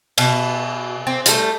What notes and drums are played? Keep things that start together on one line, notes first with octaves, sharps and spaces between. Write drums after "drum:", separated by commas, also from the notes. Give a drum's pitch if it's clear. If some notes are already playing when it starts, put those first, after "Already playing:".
B2, drum: cymbal
C4
G3 A3, drum: hi-hat